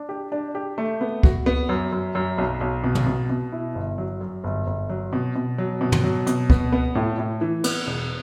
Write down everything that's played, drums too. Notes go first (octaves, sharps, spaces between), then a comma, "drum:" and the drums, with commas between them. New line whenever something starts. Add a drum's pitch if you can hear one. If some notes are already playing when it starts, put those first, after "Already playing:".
Already playing: D4
G4
D4
G4
A3
B3
F#4, drum: kick C#2
B3
F#2
F#2
F#2
B1
B1
B2
drum: tom
B2
B2
E4
G1
F#3
F#2
G1
G1
F#3
B2
B2
F#3
B2
drum: tom
F#3
B2, drum: hi-hat
B3, drum: kick C#2
B3
A2
A2
E3
B3, drum: cymbal
E1